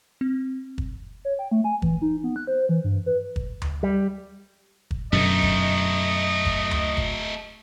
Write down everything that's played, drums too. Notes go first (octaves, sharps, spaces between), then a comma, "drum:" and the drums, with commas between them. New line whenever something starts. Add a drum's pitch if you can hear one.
C4
drum: kick
C#5
G5
A3
G#5
E3, drum: kick
D#4
B3
F#6
C5
E3
G2
B4
drum: kick
drum: tom D2
G3
drum: kick
F#2 B2 D3 A3 D#4 D#5
drum: kick
drum: kick
drum: tom D2
drum: kick